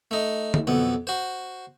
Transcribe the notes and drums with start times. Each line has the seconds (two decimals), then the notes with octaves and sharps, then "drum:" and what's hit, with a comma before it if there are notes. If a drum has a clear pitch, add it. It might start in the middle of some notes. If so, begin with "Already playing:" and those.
0.11 A3 D#4
0.54 drum: tom D3
0.67 B1 F2 B3
1.07 F#4 C5